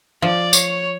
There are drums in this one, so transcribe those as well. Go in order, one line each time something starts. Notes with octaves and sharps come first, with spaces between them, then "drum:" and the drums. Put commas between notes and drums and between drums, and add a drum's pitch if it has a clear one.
F3 D5
C#5, drum: tambourine